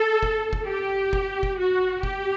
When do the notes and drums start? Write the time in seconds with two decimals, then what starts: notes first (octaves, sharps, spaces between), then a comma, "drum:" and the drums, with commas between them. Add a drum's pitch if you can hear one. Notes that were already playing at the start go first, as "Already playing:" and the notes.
Already playing: A4
0.23 drum: kick
0.53 drum: kick
0.68 G4
1.13 drum: kick
1.43 drum: kick
1.59 F#4
2.03 G4, drum: kick